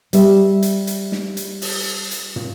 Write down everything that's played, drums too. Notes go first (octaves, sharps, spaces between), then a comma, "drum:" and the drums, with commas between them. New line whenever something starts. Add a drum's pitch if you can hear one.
G3 E5, drum: hi-hat
drum: hi-hat
drum: hi-hat
drum: snare
drum: hi-hat
drum: open hi-hat
drum: hi-hat
drum: tom